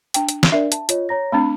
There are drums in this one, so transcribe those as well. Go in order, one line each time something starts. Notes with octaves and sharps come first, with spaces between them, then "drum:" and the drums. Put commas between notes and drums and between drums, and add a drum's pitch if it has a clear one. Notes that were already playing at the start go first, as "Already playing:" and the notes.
D4 G5, drum: hi-hat
drum: hi-hat
drum: snare
D4 A#4 D5 E5
A5, drum: hi-hat
F4 C#5 D#5, drum: hi-hat
C#5 A#5 A#6
A3 C4 D4 B5